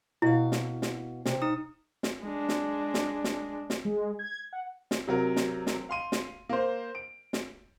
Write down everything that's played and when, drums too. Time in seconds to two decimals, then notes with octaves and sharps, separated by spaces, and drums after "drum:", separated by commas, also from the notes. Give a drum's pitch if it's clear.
0.22 B2 E4 F5
0.52 drum: snare
0.82 drum: snare
1.26 C3, drum: snare
1.42 D#4 D#6
2.03 drum: snare
2.21 G#3 D4
2.49 drum: snare
2.94 drum: snare
3.24 drum: snare
3.70 drum: snare
3.85 G#3
4.19 G#6
4.53 F#5
4.91 drum: snare
5.07 C3 F#3 A#4
5.36 drum: snare
5.67 drum: snare
5.89 F5 C6 D#7
6.12 drum: snare
6.49 A#3 C5
6.95 D7
7.33 drum: snare